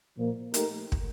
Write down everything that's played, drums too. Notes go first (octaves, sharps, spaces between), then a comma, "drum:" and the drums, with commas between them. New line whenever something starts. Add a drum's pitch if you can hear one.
A#2 F3 A#3
A3 D#4 G4 A#4, drum: hi-hat
drum: kick